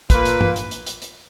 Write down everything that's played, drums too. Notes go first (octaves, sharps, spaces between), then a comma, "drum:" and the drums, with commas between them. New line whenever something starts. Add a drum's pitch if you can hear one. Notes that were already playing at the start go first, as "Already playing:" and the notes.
A#2 A#3 B4, drum: kick, hi-hat
drum: hi-hat
drum: tom
drum: hi-hat
drum: hi-hat
drum: hi-hat
drum: hi-hat